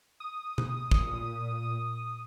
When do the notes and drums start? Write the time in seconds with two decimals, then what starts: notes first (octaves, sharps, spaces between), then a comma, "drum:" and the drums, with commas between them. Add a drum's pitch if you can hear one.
0.20 D#6
0.58 drum: tom B2
0.91 A#2, drum: kick